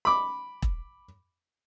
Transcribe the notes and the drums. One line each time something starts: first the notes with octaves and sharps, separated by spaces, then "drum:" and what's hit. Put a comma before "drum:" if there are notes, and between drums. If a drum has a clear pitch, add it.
B5 D6
drum: kick E1